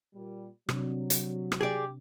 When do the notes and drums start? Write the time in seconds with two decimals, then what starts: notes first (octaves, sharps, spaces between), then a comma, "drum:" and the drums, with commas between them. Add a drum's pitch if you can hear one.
0.14 A#2 G3
0.69 C3 F#3 D4, drum: rim click
1.10 drum: hi-hat
1.52 drum: rim click
1.61 G4 G#4 D5